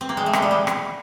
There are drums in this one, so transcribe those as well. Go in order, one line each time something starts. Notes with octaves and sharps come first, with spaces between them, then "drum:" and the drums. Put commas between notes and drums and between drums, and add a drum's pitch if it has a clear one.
C4
A#3
G#3
A3
G#3, drum: rim click
G3
G#3
drum: rim click